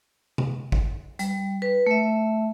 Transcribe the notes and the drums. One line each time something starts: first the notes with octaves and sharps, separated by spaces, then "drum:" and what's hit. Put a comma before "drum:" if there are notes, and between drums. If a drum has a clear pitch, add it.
drum: tom C3
drum: kick G#1
G3, drum: hi-hat
B4
A3 E5